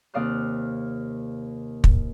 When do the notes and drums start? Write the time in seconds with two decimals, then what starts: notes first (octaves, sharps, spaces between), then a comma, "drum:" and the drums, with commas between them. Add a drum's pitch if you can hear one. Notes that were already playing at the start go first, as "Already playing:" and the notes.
0.14 D#2 C3 D5 F5 D#6 F#6
1.84 drum: kick